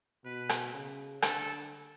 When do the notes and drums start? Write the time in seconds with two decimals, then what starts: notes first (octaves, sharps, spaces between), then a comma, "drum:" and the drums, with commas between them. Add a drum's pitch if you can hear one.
0.25 B2 B4
0.49 drum: rim click
0.74 C#3
1.22 D3 A4, drum: rim click